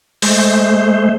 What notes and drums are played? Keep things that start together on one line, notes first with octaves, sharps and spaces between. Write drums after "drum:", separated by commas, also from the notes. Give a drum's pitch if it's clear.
G#3 A3 C5, drum: open hi-hat